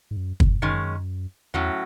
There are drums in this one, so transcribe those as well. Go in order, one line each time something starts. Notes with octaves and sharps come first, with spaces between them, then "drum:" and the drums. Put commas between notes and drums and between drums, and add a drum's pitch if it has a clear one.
G#2
F#2
E2, drum: kick
F#2 D#3 G#3 C#4
E2 A2 F#3 C#4